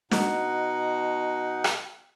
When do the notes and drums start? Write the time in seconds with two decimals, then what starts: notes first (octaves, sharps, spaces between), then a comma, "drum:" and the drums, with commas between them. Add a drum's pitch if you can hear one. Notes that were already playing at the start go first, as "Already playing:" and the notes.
0.11 B2 D#4 F#5, drum: snare
1.64 drum: rim click